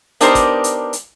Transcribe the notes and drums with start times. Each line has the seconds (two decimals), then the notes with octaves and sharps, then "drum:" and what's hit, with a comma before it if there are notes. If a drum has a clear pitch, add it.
0.21 B3 D4 D#4 G4 A#4 C5, drum: hi-hat
0.35 drum: kick, hi-hat
0.64 drum: hi-hat
0.93 drum: hi-hat